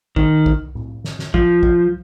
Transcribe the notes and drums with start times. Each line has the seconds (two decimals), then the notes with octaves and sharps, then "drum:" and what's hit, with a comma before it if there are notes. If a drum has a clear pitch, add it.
0.16 D#3, drum: kick
0.46 drum: kick
0.75 drum: tom A2
1.04 drum: snare
1.19 drum: snare
1.34 F3, drum: kick
1.63 drum: kick